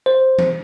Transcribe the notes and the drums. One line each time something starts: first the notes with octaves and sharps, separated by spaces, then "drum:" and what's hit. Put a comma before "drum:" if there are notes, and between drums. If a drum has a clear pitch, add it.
C5
drum: tom E3